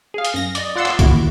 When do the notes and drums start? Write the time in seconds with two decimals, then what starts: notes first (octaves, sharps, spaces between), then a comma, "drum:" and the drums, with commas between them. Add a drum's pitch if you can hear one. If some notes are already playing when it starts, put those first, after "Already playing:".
0.14 G#4 F5
0.25 drum: hi-hat
0.34 F#2 A#6
0.55 D5 D#5, drum: hi-hat
0.76 F4 D5 F#5 C6 E6
0.85 drum: clap
0.99 A#2 D3 E4 F#4 D7, drum: kick, hi-hat
1.11 D#2